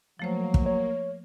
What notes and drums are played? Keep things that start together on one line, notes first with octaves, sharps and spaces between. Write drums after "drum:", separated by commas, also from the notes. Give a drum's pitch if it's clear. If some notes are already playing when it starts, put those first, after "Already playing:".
F3 F#3 A3 A#3 C5
drum: kick
C#5